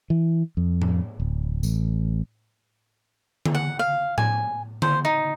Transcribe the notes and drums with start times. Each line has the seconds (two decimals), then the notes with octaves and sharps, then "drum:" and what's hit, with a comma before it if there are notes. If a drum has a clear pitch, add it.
0.10 E3
0.57 F2
0.82 drum: tom A2
1.20 D1
1.63 A1, drum: tambourine
3.46 drum: tom D3
3.55 F#5
3.79 F5
4.18 G#5, drum: tom A2
4.82 C5, drum: tom D3
5.05 D#4